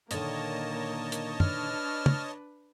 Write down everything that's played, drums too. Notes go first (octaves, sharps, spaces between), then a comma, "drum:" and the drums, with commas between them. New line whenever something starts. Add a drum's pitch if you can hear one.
A#2 D3 D#3 A#3 A#4 C#5 D#5 A5, drum: hi-hat
drum: hi-hat
D4 B4 F6, drum: tom
drum: tom